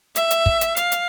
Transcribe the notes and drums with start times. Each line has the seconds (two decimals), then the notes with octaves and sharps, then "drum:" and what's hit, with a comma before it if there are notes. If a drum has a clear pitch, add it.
0.16 E5, drum: hi-hat
0.31 drum: hi-hat
0.46 drum: kick
0.61 drum: hi-hat
0.77 F5, drum: hi-hat
0.92 drum: hi-hat